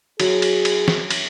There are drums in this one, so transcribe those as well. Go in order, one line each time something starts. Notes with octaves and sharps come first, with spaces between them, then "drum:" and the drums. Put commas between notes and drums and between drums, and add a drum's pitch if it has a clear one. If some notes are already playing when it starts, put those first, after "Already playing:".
F#3 G#4, drum: cymbal
drum: cymbal
drum: cymbal
drum: snare
drum: cymbal